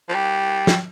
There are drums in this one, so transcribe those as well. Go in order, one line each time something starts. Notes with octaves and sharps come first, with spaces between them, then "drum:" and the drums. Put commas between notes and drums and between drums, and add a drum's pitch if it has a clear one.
F3
G3
drum: snare